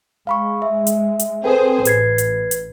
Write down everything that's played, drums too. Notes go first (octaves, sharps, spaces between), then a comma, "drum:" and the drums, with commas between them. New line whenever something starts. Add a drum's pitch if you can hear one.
G#3 F5 B5 C#6
E5
drum: hi-hat
drum: hi-hat
C4 G#4 A4 B4 C5 G5
A1 B4 G#6 C7, drum: hi-hat
drum: hi-hat
drum: hi-hat